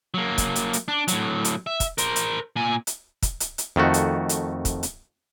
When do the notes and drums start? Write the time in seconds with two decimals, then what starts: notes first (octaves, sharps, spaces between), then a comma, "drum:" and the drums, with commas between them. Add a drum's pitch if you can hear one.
0.14 F#3 A#3
0.38 drum: kick, hi-hat
0.56 drum: hi-hat
0.73 drum: hi-hat
0.88 D4
1.08 A2 F#3, drum: hi-hat
1.45 drum: hi-hat
1.67 E5
1.80 drum: kick, hi-hat
1.98 A#4 C5, drum: hi-hat
2.16 drum: hi-hat
2.56 A#2 G#5
2.87 drum: hi-hat
3.23 drum: kick, hi-hat
3.40 drum: hi-hat
3.58 drum: hi-hat
3.76 F2 D#3 A3 F#4
3.94 drum: hi-hat
4.29 drum: hi-hat
4.65 drum: kick, hi-hat
4.83 drum: hi-hat